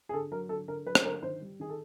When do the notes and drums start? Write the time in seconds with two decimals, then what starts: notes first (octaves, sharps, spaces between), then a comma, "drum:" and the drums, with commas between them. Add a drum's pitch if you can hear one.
0.09 G#4
0.13 D3 A4
0.32 F#3 A#4
0.49 D3 A4
0.68 D3 A#4
0.86 F#3 B4
0.95 drum: rim click
1.05 D3 A#4
1.22 D#3 C5
1.41 G3
1.60 D#3 G#4
1.70 A4